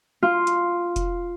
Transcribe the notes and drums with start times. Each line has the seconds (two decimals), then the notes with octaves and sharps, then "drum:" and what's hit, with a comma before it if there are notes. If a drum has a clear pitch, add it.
0.23 F4
0.47 drum: hi-hat
0.96 drum: kick F1, hi-hat